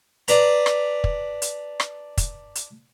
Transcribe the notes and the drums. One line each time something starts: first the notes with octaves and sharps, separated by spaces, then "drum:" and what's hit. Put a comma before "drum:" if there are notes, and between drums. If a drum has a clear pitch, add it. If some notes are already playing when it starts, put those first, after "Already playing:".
D4 B4 A#5, drum: hi-hat
drum: rim click
drum: kick
drum: hi-hat
drum: rim click
drum: kick, hi-hat
drum: hi-hat